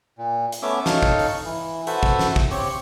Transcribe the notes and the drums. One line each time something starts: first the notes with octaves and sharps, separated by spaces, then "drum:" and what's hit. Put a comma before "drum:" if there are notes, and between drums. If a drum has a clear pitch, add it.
A#2
drum: hi-hat
A3 B3 C#4 E5 D6
D#4 A4 C#5 F5, drum: snare
drum: kick
drum: open hi-hat
E3
F#4 A4 B4 C5 E5, drum: hi-hat
drum: kick
drum: snare
drum: kick
C4 G4 C#5, drum: open hi-hat